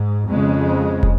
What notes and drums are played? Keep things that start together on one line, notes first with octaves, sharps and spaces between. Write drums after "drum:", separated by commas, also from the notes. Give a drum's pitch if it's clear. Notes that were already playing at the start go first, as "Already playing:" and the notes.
Already playing: G#2
F2 C#3 G#3
drum: kick